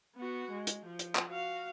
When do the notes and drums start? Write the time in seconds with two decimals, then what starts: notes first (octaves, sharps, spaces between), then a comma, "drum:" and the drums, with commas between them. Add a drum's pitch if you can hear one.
0.16 B3 F#4
0.51 G#3
0.67 drum: hi-hat
0.86 F3
0.99 drum: hi-hat
1.15 drum: clap
1.27 F#4 F5